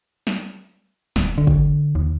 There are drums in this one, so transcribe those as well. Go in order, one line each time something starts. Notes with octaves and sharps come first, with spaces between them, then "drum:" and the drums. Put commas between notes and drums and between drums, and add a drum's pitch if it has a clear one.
drum: snare
D1, drum: snare
D3
drum: kick
D#2